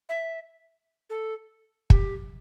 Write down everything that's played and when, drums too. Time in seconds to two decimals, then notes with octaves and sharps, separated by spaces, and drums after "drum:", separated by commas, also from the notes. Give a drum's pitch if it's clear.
0.09 E5
1.10 A4
1.90 G4, drum: kick